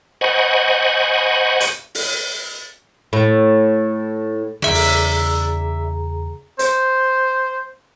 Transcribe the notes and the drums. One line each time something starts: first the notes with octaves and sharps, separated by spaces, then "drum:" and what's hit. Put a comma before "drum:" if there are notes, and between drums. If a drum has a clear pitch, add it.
C5 D#5 F#5 G#5 B5 C#6
drum: hi-hat
drum: open hi-hat
A2
E2 C#3 G#4 D5 E5 A#5
drum: open hi-hat
C5, drum: hi-hat